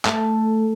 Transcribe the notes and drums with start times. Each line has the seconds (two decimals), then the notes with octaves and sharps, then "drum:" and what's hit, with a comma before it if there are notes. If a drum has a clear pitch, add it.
0.05 A3, drum: clap